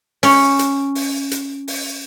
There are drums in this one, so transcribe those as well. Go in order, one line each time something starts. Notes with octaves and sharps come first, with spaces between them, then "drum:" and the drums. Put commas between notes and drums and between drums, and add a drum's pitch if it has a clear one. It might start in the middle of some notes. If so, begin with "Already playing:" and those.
C#4 C#5, drum: open hi-hat
drum: hi-hat
drum: open hi-hat
drum: hi-hat
drum: open hi-hat